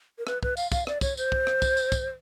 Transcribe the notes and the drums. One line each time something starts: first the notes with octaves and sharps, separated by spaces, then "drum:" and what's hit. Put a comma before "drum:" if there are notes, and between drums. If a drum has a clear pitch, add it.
A#4
B4, drum: rim click
B4, drum: kick
F5, drum: tambourine
F5, drum: kick, tambourine
D5, drum: rim click
C#5, drum: kick, tambourine
C5, drum: tambourine
drum: kick
drum: rim click
drum: kick, tambourine
drum: tambourine
drum: kick, tambourine